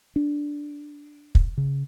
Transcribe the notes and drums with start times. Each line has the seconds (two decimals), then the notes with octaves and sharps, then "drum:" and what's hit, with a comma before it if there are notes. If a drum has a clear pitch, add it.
0.16 D4
1.35 drum: kick
1.58 C#3